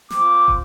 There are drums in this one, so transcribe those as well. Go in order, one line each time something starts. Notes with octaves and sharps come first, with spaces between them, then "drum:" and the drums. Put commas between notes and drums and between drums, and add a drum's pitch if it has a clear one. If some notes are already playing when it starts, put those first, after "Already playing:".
C4 F4 D6, drum: snare
drum: kick